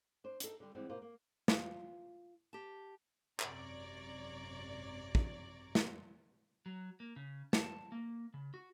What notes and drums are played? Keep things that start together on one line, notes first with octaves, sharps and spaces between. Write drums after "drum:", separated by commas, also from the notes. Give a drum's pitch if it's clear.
D4 C5
D#4 A4, drum: hi-hat
D3 G3
D3 E3 G3 G#3 B3 C4
B2 A#3 F4 C5
A#3
F4, drum: snare
G4 A5
G#1 F#2 C3 C#5 D5 A#5, drum: clap
drum: kick
drum: snare
F#3
A#3
C#3
A5, drum: snare
A#3
C#3
F#4